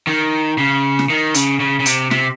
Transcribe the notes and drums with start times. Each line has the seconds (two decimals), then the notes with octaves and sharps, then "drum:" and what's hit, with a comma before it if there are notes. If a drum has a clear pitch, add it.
0.07 D#3
0.58 C#3
0.99 drum: snare
1.10 D#3
1.34 C#3, drum: hi-hat
1.60 C#3
1.80 C#3
1.86 C3, drum: hi-hat
2.11 C3, drum: snare